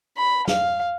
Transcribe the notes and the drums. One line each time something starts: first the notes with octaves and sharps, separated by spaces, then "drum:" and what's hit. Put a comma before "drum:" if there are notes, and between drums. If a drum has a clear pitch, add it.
B5
F5, drum: snare